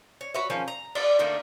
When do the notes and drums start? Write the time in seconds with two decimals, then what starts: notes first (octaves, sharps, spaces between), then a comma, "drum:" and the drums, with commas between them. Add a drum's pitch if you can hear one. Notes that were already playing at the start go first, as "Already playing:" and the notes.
0.21 C#5
0.34 F#4 B4 C#5 E5
0.50 D#3 F3 C#4 G#4
0.68 A#5
0.95 D5, drum: cymbal
1.19 D3 A3 A#3 D#4